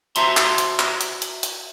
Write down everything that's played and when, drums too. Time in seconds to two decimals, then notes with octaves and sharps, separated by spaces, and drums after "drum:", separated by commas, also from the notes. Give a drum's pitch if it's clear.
0.16 F#4 C5 E5 A5 A#5 C6, drum: hi-hat
0.37 drum: clap
0.58 drum: hi-hat
0.79 drum: clap
1.01 drum: hi-hat
1.22 drum: hi-hat
1.43 drum: hi-hat